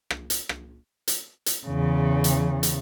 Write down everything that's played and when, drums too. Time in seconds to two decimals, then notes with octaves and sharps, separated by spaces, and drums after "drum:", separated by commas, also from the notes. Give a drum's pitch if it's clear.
0.10 drum: rim click
0.30 drum: hi-hat
0.49 drum: rim click
1.08 drum: hi-hat
1.46 drum: hi-hat
1.66 E2 C#3
2.24 drum: hi-hat
2.63 drum: hi-hat